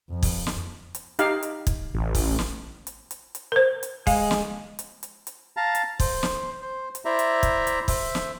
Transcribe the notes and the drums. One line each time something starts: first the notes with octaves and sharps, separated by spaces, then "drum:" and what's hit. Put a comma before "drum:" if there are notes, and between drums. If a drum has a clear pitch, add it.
F2
drum: kick, open hi-hat
drum: snare
drum: hi-hat
D#4 G4 F5, drum: hi-hat
drum: hi-hat
drum: kick, hi-hat
A1
drum: kick, open hi-hat
drum: snare
drum: hi-hat
drum: hi-hat
drum: hi-hat
A#4 C5
drum: hi-hat
G#3 F5, drum: kick, open hi-hat
drum: snare
drum: hi-hat
drum: hi-hat
drum: hi-hat
F5 A5 A#5
drum: hi-hat
C5, drum: kick, open hi-hat
drum: snare
C5
drum: hi-hat
E4 C5 D5 E5 A#5
drum: hi-hat
drum: kick, hi-hat
drum: hi-hat
C5 E5, drum: kick, open hi-hat
drum: snare